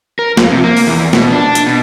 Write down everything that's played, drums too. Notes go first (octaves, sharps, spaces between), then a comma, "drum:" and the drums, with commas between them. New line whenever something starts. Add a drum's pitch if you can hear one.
A#4
F2, drum: snare
C3
A#3
drum: open hi-hat
E2
B2, drum: snare
D4
drum: hi-hat
B2